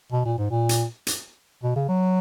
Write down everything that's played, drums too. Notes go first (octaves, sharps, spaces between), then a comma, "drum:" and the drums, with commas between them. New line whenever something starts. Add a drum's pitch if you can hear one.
B2
A#2
G#2
A#2
drum: hi-hat
drum: hi-hat
B2
C#3
F#3